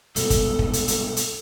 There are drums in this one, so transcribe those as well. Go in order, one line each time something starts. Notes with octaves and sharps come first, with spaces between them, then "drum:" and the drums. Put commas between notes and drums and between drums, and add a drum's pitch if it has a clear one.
C2 G#2 B2 A4, drum: hi-hat
drum: kick, hi-hat
drum: kick
drum: hi-hat
drum: hi-hat
drum: hi-hat